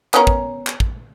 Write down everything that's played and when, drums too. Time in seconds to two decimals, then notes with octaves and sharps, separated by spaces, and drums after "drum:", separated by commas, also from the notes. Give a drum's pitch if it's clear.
0.14 B3 C#4 A#4, drum: clap
0.27 drum: kick
0.67 drum: clap
0.80 drum: kick